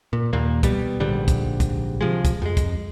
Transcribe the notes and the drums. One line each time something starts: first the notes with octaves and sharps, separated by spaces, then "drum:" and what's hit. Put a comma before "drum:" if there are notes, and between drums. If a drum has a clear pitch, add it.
A#2
D#2 A#2 A#3
B2 G3, drum: kick, hi-hat
A#1 G#2 D3 G3
drum: kick, hi-hat
drum: kick, hi-hat
C3 F3 G#3
drum: kick, hi-hat
F2 G#3
drum: kick, hi-hat